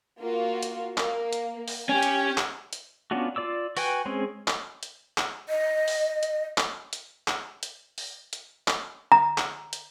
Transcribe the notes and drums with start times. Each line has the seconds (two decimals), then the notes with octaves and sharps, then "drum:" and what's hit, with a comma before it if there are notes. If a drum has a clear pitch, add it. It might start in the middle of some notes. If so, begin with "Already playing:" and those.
0.21 A#3 F4 F#4
0.63 drum: hi-hat
0.98 A#3, drum: clap
1.33 drum: hi-hat
1.68 drum: open hi-hat
1.89 C#4 G4 G5
2.03 drum: hi-hat
2.38 drum: clap
2.73 drum: hi-hat
3.11 B3 C#4 D4 F4 F#4
3.36 F4 D5 D6 E6
3.77 F#4 B4 G5 G#5, drum: open hi-hat
4.05 G#3 C4 C#4 G#4
4.48 drum: clap
4.83 drum: hi-hat
5.18 drum: clap
5.49 D#5
5.88 drum: open hi-hat
6.23 drum: hi-hat
6.58 drum: clap
6.93 drum: hi-hat
7.28 drum: clap
7.63 drum: hi-hat
7.98 drum: open hi-hat
8.33 drum: hi-hat
8.68 drum: clap
9.12 A#5
9.38 drum: clap
9.73 drum: hi-hat